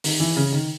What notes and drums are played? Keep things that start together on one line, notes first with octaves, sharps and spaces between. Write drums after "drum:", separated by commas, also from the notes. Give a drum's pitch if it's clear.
D#3, drum: open hi-hat
E3
C#3
D#3